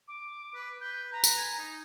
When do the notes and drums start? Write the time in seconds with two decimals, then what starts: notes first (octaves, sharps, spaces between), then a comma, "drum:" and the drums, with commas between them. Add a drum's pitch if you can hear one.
0.07 D6
0.54 B4
0.80 B4 G6
1.12 B4 A#5
1.24 drum: tambourine
1.37 G#5
1.59 D#4